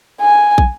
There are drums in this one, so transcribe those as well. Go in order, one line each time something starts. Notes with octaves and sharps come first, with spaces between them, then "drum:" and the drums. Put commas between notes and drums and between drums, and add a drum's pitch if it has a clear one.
G#5
drum: kick